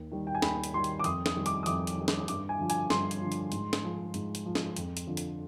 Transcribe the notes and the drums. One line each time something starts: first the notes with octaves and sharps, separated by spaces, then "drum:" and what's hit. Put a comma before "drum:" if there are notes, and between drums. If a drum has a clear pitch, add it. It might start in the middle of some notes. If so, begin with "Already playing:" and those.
Already playing: D#2
D#3 G3
G5
G#5
D#2 B5, drum: snare
drum: hi-hat
D#3 G3 C6
drum: hi-hat
D6
F2 D#6, drum: hi-hat
D#6, drum: snare
D#3 G3
D6, drum: hi-hat
D#6
F2 D6, drum: hi-hat
drum: hi-hat
D#3 G3
drum: snare
G2 D6, drum: hi-hat
G#5
D3 F3
G#5, drum: hi-hat
G2 C6, drum: snare
drum: hi-hat
D3 F3
drum: hi-hat
G#2, drum: hi-hat
drum: snare
F3
G#2, drum: hi-hat
drum: hi-hat
F3
drum: snare
F2, drum: hi-hat
drum: hi-hat
D3 F3
drum: hi-hat